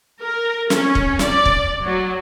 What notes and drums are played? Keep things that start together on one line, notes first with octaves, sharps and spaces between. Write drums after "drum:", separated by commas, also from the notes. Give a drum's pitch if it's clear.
A#4
C#4, drum: snare
drum: kick
D5, drum: snare
drum: kick
F#3